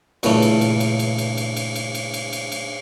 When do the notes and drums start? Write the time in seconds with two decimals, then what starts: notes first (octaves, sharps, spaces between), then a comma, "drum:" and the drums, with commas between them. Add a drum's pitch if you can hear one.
0.23 G2 A#2 C#3 E3 A3 C#4, drum: cymbal
0.42 drum: cymbal
0.61 drum: cymbal
0.80 drum: cymbal
0.99 drum: cymbal
1.18 drum: cymbal
1.37 drum: cymbal
1.56 drum: cymbal
1.76 drum: cymbal
1.95 drum: cymbal
2.14 drum: cymbal
2.33 drum: cymbal
2.52 drum: cymbal